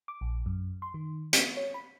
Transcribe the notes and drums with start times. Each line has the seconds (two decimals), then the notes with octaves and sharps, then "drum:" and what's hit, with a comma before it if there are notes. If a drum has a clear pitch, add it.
0.08 D6
0.21 A#1
0.46 F#2
0.82 C6
0.94 D#3
1.33 B3, drum: hi-hat
1.57 C#5
1.74 B5